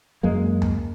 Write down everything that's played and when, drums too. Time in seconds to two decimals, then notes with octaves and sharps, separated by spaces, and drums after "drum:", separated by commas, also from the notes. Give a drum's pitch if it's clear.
0.23 F#2 G#3 A#3
0.62 drum: tom D2